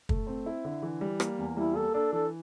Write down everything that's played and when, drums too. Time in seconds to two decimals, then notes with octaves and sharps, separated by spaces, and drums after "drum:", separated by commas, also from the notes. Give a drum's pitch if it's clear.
0.09 A3, drum: kick
0.27 C4
0.46 E4
0.65 D3
0.83 E3
1.01 G3
1.20 A#3, drum: rim click
1.39 E2
1.57 G3 E4
1.75 A#3 A4
1.94 D4 A4
2.13 E3 A4